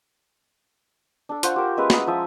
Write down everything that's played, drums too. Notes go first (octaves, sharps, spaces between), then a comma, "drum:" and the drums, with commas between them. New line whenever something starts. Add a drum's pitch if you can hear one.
D4 A4
F4 C5 F#5 C#6, drum: hi-hat
G4 A#4
G#3 C#4 B4 E5
F#5 A#5 B5 D#6, drum: snare
F3 E5 D#6